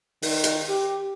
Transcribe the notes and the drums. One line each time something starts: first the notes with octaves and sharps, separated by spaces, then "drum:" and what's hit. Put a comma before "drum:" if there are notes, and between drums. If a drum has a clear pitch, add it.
D#3, drum: open hi-hat
drum: hi-hat
G4